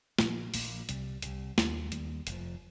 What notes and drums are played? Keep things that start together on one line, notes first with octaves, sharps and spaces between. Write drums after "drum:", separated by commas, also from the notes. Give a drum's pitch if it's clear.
A#1 A#2 F3 A#3, drum: snare
A#1 A#2 F3 A#3, drum: open hi-hat
C2 C3 G3, drum: hi-hat
C2 C3 G3, drum: hi-hat
D#2 D#3 G3 A#3, drum: snare
D#2 D#3 G3 A#3, drum: hi-hat
F1 F2 F3, drum: hi-hat